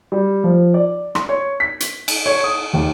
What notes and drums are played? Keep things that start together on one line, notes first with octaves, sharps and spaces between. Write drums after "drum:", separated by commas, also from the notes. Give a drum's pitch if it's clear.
G3
F3
D5
C6, drum: rim click
C#5
B6
drum: hi-hat
drum: cymbal
C#5
D#6
D#2